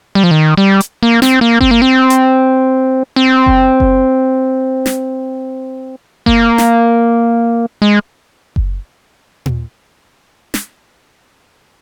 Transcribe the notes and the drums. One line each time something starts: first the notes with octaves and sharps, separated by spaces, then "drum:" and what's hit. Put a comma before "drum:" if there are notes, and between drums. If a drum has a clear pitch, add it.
G3
F3
D#3
G3
drum: hi-hat
A#3
C4, drum: snare
A#3
C4, drum: kick F#1
A#3
C4
drum: hi-hat
C4
drum: kick F#1
drum: kick F#1
drum: snare
A#3, drum: kick F#1
drum: snare
G#3
drum: kick F#1
drum: tom A#2
drum: snare